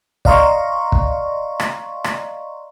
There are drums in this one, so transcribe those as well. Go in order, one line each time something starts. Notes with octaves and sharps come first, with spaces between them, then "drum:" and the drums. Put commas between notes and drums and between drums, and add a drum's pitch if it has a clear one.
D5 D#5 F5 A#5 C6 C#6, drum: kick
drum: kick
drum: rim click
drum: rim click